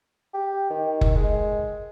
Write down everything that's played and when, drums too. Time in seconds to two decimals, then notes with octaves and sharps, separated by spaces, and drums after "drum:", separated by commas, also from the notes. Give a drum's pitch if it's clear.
0.34 G4
0.70 D#3
1.01 drum: kick
1.15 G#3